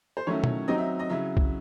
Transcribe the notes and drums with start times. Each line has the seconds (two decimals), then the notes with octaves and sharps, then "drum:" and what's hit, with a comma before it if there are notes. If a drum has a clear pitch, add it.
0.17 C5
0.27 D#3 F#3 A3 C#4 E4 C#5
0.44 drum: tom
0.68 F#3 C4 D#4 D#5
0.78 E5
0.99 D#5
1.10 C#3 F#3 C#4 E4 E5
1.37 drum: kick B1